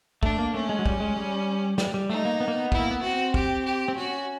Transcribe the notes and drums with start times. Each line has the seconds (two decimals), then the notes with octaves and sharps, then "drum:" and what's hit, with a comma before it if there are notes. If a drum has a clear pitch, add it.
0.23 A3 D4, drum: kick
0.39 A#3
0.54 A3 C#4
0.69 G#3
0.79 F#3
0.86 G3, drum: kick
1.00 G#3
1.16 G3
1.78 G3, drum: snare
1.94 G3
2.09 A3 D#4
2.25 A#3
2.40 B3
2.48 A#3
2.55 B3
2.72 E4, drum: kick
2.79 A#3
2.91 B3
3.02 C4 F#4
3.34 G4, drum: kick
3.65 G4
3.88 C4
3.96 C#4 F#4